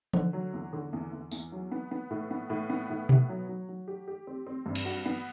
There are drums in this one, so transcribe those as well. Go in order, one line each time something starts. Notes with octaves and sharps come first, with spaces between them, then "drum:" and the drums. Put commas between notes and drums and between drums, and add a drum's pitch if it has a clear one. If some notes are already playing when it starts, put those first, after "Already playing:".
D3, drum: tom E3
F#3
E2
D3
E2
E2
E2, drum: tambourine
F#3
B3
B3
A2
B3
A2
B3
A2
B3, drum: tom B2
F#3
F#3
F#3
G4
G4
C4
C4
G2
drum: cymbal
F#4
B3